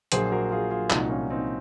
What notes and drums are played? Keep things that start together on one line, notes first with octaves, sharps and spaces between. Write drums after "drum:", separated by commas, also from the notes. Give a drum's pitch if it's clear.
A#1 A#2 F#3 A#3 G#4 C5, drum: hi-hat
F#4 A#4
F4 G#4
F4 G#4
C2 A#2 F3 D#4 F#4, drum: clap
C#4 F4
C4 D#4